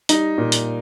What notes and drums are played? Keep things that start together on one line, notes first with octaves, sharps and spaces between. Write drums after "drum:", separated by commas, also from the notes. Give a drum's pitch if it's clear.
G3 D#4, drum: hi-hat
A#2
drum: hi-hat